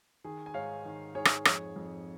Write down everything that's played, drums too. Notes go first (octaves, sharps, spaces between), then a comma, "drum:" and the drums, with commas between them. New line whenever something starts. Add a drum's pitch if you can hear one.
D#3 G#4
G#5
G#2 C#5 F5
D#3
G#2 G#4 C#5
drum: rim click
F2 G#4 C#5, drum: rim click
F2